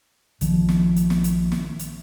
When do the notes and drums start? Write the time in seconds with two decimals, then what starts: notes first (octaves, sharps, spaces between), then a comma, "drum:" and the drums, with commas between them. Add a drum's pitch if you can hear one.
0.41 A#1 D#3 F3, drum: hi-hat
0.69 drum: snare
0.96 drum: hi-hat
1.10 drum: snare
1.24 drum: hi-hat
1.52 drum: snare
1.79 drum: hi-hat